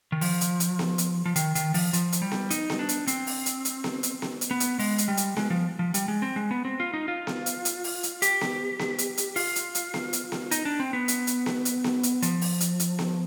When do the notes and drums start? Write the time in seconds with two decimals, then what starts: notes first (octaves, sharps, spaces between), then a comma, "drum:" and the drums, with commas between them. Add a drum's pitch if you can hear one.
0.12 D#3
0.21 F3, drum: open hi-hat
0.41 drum: hi-hat
0.60 drum: hi-hat
0.79 drum: snare B3
0.98 drum: hi-hat
1.25 F3
1.36 D#3, drum: hi-hat
1.55 D#3, drum: hi-hat
1.74 F3, drum: open hi-hat
1.93 F3, drum: hi-hat
2.12 drum: hi-hat
2.22 G3
2.31 drum: snare B3
2.50 D#4, drum: hi-hat
2.70 drum: snare B3
2.79 D4
2.89 drum: hi-hat
3.07 C4, drum: hi-hat
3.27 drum: open hi-hat
3.46 drum: hi-hat
3.65 drum: hi-hat
3.84 drum: snare B3
4.03 drum: hi-hat
4.22 drum: snare B3
4.41 drum: hi-hat
4.51 B3
4.60 drum: hi-hat
4.79 G#3, drum: open hi-hat
4.98 drum: hi-hat
5.08 G3
5.17 drum: hi-hat
5.37 G#3, drum: snare B3
5.50 F3
5.79 F3
5.94 G3, drum: hi-hat
6.08 G#3
6.22 C4
6.36 G#3
6.51 B3
6.65 C4
6.80 F4
6.94 D#4
7.08 F4
7.27 drum: snare B3
7.46 drum: hi-hat
7.65 drum: hi-hat
7.84 drum: open hi-hat
8.03 drum: hi-hat
8.22 G4, drum: hi-hat
8.41 drum: snare B3
8.79 drum: snare B3
8.98 drum: hi-hat
9.17 drum: hi-hat
9.36 F4, drum: open hi-hat
9.56 drum: hi-hat
9.75 drum: hi-hat
9.94 drum: snare B3
10.13 drum: hi-hat
10.32 drum: snare B3
10.51 D#4, drum: hi-hat
10.65 D4
10.80 C4
10.93 B3
11.08 drum: hi-hat
11.27 drum: hi-hat
11.46 drum: snare B3
11.65 drum: hi-hat
11.84 drum: snare B3
12.03 drum: hi-hat
12.22 F3, drum: hi-hat
12.41 drum: open hi-hat
12.60 drum: hi-hat
12.80 drum: hi-hat
12.99 drum: snare B3